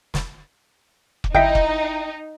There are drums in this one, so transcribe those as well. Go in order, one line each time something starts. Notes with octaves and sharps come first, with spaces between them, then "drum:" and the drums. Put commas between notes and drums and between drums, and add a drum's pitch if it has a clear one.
drum: snare
drum: kick
G1 D#4 E4 D#5 E5 G5
drum: kick